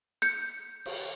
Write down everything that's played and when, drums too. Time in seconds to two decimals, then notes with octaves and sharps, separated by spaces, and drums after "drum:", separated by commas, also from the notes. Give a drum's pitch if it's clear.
0.22 G6 C#7
0.86 drum: cymbal